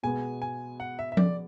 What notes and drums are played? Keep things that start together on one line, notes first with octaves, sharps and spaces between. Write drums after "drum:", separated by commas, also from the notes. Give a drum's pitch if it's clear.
B2 G#3 B3 G#5
G#5
F#5
E5
E5
D5, drum: tom F3